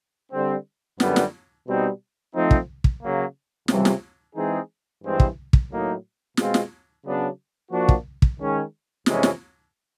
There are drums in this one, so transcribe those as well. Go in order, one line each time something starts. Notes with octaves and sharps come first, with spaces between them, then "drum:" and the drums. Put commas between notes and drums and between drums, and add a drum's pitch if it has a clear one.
D3 G3 C4
F#2 D3 G3 B3, drum: snare
drum: snare
B2 G3 C4 D#4
F3 A3 C4 D#4
drum: kick
drum: kick
C#3 F#3 A#3
C#2 C3 E3 G3, drum: snare
drum: snare
E3 G#3 C4 D#4 G#4
G2 E3 G#3 C4
drum: kick
drum: kick
A2 F#3 A#3 D#4
B2 G#3 C4 F4, drum: snare
drum: snare
C#3 F#3 B3 D4
F3 A#3 D4 F#4
drum: kick
drum: kick
D#3 G#3 C#4
F2 C3 E3 G#3 C#4, drum: snare
drum: snare